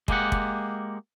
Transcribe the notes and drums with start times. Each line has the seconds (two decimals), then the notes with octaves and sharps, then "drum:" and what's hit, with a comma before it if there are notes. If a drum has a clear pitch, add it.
0.08 G#3 A#3 G4 F#5, drum: kick
0.32 drum: kick